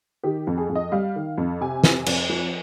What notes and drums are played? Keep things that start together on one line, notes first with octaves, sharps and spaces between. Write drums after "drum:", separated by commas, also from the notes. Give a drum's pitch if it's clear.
D#3 G4
F2
G#4
F2
D#5
G3 F5
D#3
F2
C3 G#5
F2, drum: snare
F2, drum: cymbal
F3